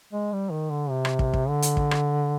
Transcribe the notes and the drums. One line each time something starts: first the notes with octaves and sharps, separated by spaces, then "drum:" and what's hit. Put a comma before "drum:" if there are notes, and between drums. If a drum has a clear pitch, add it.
G#3
G3
D#3
D3
C3
drum: rim click
drum: kick
drum: kick
D3
drum: hi-hat
drum: kick
drum: rim click